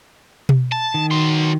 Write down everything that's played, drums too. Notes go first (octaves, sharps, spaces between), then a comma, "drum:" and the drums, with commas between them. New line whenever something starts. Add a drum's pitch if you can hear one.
drum: tom B2
A5
D#3
F#3 C6